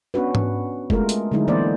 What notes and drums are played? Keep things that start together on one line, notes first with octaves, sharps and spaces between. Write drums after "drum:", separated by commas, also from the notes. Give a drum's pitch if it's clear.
B3 C#4 D4 F#4 B4
drum: tom G#2
G#3 A3 F4 A#4, drum: kick
drum: hi-hat
D3 F#3 G#3 D#4 E4
E3 A#3 B3 C5 D5